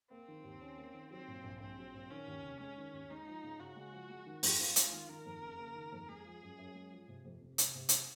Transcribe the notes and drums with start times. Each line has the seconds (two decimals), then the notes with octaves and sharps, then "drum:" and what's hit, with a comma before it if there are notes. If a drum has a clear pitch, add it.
0.11 A#3 C4
0.28 D#3
0.44 D#2
0.61 C#4
0.78 A#3
0.94 D#3
1.11 F#3 C4
1.28 A#2
1.44 A#1
1.60 A#1 C4
1.77 F#3
1.94 A#2
2.10 D#3 C#4
2.27 D#2
2.43 F1
2.60 G#3 C#4
2.78 D#3
2.93 D#2
3.10 G#3 D#4
3.27 F3
3.44 C#3
3.60 C#3 F#4
3.76 G#3
3.93 F3
4.10 G#3
4.26 D#3
4.43 F2, drum: open hi-hat
4.59 C4 F4
4.76 G#3, drum: hi-hat
4.93 D#3
5.09 D#3 A#4
5.26 F2
5.42 F#1
5.59 A#3
5.75 D#3
5.92 F2
6.08 G#3 G#4
6.25 F3
6.42 F#2
6.58 F#2
6.75 G#3
6.91 F3
7.08 C3
7.25 F2
7.41 F1
7.58 F1, drum: hi-hat
7.75 C3
7.89 drum: hi-hat